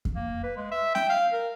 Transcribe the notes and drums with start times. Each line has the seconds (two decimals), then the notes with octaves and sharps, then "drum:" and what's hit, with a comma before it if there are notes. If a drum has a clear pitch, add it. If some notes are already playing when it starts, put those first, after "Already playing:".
0.05 drum: kick F2
0.15 A#3
0.43 B4
0.56 G#3
0.71 E5
0.95 G5, drum: snare C#4
1.09 F5
1.33 A#4